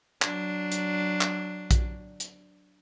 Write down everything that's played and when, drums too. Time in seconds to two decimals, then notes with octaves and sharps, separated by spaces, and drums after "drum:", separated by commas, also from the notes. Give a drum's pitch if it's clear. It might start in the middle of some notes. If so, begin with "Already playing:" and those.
0.22 F#3 D4, drum: clap
0.72 drum: hi-hat
1.21 drum: clap
1.71 drum: kick A#1, hi-hat
2.20 drum: hi-hat